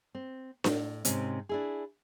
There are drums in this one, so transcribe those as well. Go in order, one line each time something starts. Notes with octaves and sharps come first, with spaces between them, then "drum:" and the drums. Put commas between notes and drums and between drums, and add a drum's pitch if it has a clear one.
C4
A2, drum: snare D4
G#2 C3 C4 C#4, drum: hi-hat
D4 E4 G#4